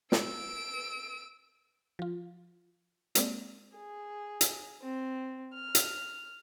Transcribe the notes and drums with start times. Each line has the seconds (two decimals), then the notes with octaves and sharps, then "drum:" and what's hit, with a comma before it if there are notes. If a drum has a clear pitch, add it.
0.12 E6 D7, drum: snare
1.99 F3 F4
3.15 G#3 A#3 C4 D5, drum: hi-hat
3.76 G#4
4.41 drum: hi-hat
4.82 C4
5.54 F6
5.75 drum: hi-hat